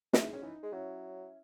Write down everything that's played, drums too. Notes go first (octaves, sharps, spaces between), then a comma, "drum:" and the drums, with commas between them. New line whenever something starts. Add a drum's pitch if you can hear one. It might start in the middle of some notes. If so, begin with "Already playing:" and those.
G#3 E4, drum: snare
D#4
C#4
E3 D#4
G#3
F#3 C#4 E4